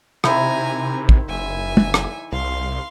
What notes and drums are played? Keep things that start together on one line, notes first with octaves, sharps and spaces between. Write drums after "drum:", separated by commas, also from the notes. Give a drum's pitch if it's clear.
C3 D#3 E4 C5 G#5 A#5, drum: rim click
drum: kick
F#1 E5 G#5
drum: tom
drum: rim click
C2 F5 C6